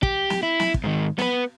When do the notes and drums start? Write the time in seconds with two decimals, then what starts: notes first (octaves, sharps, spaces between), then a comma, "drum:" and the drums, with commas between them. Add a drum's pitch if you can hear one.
0.03 G4, drum: kick
0.30 drum: snare
0.43 E4
0.60 drum: snare
0.74 drum: kick
0.84 G#2 D#3
1.18 B3 B4, drum: snare